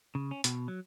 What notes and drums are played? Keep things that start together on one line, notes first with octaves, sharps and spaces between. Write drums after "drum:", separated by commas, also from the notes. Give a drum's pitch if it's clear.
C#3
C#4
B2, drum: hi-hat
F#3